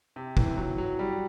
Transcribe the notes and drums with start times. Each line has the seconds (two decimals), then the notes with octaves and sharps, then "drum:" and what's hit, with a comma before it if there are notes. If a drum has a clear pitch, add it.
0.16 C3
0.37 E3, drum: kick F#1
0.57 F#3
0.78 F#3
0.99 G3